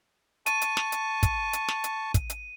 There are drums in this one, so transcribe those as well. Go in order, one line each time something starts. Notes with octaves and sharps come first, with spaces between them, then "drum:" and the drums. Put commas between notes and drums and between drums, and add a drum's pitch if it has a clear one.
A5 C#6 D#7, drum: hi-hat
drum: hi-hat
drum: snare
drum: hi-hat
drum: kick, hi-hat
drum: hi-hat
drum: snare
drum: hi-hat
drum: kick, hi-hat
drum: hi-hat